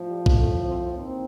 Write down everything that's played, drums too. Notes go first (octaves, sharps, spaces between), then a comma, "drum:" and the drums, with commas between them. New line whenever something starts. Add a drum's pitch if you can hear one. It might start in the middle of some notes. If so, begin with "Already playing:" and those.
Already playing: A2 F3
G3
drum: kick B1
A3
C4
D#2 D#3 C4